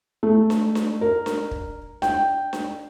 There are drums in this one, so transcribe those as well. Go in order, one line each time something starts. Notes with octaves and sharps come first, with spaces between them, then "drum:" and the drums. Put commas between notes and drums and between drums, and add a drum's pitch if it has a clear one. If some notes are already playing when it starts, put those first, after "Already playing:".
A3
drum: snare D4
drum: snare D4
A#4
drum: snare D4
drum: kick
G5, drum: snare D4
drum: snare D4